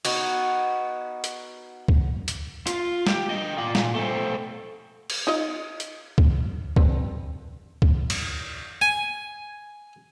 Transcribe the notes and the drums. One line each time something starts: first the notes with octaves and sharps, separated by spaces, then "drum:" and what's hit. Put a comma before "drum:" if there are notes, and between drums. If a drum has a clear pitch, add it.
B3 D#4 F#4, drum: cymbal
drum: hi-hat
drum: kick C#2
drum: hi-hat
F4, drum: hi-hat
G4, drum: snare
D#5 G5
F4 D5
A#2, drum: snare
A3 C4
drum: cymbal
D#4 F4 D#5
drum: hi-hat
drum: kick C#2
C4 D4 B4, drum: kick C#2
drum: kick C#2
drum: cymbal
G#5